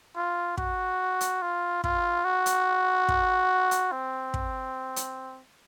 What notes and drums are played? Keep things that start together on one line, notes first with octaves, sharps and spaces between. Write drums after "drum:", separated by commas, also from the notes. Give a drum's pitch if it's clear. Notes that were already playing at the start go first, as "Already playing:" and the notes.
F4
F#4, drum: kick
drum: hi-hat
F4
F4, drum: kick
F#4
drum: hi-hat
drum: kick
drum: hi-hat
C4
drum: kick
drum: hi-hat